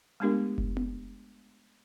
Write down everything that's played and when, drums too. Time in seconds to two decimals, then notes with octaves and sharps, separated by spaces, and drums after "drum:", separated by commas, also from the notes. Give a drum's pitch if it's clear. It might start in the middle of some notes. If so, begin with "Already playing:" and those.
0.20 G#3 A3 B3 D4 G4 A#4
0.58 drum: kick F#1
0.77 drum: tom B3